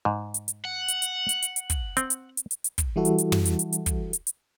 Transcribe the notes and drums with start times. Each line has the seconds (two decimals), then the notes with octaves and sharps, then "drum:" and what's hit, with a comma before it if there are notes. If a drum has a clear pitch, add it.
0.05 G#2
0.34 drum: hi-hat
0.48 drum: hi-hat
0.65 F#5
0.88 drum: hi-hat
1.02 drum: hi-hat
1.29 drum: hi-hat
1.43 drum: hi-hat
1.56 drum: hi-hat
1.70 drum: kick, hi-hat
1.97 C4, drum: hi-hat
2.10 drum: hi-hat
2.37 drum: hi-hat
2.51 drum: hi-hat
2.64 drum: hi-hat
2.78 drum: kick, hi-hat
2.96 E3 G3 E4 F#4 A4
3.05 drum: hi-hat
3.19 drum: hi-hat
3.32 drum: tom
3.46 drum: hi-hat
3.59 drum: hi-hat
3.73 drum: hi-hat
3.86 drum: kick, hi-hat
4.13 drum: hi-hat
4.27 drum: hi-hat